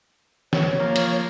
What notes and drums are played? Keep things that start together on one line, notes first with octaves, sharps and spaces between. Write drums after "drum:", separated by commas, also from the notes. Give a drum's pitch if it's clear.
C#5, drum: snare
F3 A#3
drum: hi-hat